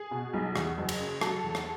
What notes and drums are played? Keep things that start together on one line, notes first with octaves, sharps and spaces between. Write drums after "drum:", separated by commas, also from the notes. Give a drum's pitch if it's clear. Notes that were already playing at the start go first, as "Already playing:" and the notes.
Already playing: G#4
B2
B1
E2, drum: rim click
F#1
drum: cymbal
C#3
F#3 A4, drum: rim click
E2
drum: rim click